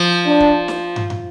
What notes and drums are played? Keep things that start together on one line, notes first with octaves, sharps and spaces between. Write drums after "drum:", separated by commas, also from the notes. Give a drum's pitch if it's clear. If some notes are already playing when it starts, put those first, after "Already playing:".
Already playing: F3
D4
drum: kick
drum: snare
drum: tom
drum: tom